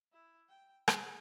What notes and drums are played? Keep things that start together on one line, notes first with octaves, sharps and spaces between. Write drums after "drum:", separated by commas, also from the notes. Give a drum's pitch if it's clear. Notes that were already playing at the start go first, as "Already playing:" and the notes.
E4
G5
G#4, drum: rim click